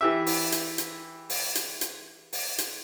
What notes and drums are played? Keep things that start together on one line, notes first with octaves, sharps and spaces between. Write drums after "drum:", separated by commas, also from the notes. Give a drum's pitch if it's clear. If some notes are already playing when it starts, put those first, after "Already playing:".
E3 G4 E5
drum: open hi-hat
drum: hi-hat
drum: hi-hat
drum: open hi-hat
drum: hi-hat
drum: hi-hat
drum: open hi-hat
drum: hi-hat